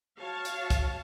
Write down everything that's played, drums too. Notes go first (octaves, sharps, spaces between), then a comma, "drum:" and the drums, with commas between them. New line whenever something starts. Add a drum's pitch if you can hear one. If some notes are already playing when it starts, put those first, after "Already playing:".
F#4 C#5 F5 A5
drum: hi-hat
drum: kick, hi-hat